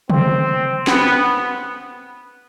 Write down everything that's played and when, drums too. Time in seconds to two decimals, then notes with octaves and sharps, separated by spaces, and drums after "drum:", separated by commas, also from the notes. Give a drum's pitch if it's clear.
0.10 C4, drum: tom C3
0.87 B3, drum: snare